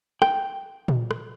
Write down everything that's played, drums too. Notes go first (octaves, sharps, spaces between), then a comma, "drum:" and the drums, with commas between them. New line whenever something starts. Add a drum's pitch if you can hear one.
G5, drum: rim click
drum: tom A#2
drum: rim click